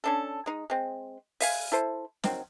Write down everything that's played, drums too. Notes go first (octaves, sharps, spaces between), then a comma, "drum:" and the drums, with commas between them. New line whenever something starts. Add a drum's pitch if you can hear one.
C#4 D4 A4
G#3 D#4
G#3 C4
E5 F5 G#5, drum: open hi-hat
E4 A4 C5
D#3 F#3 C4, drum: snare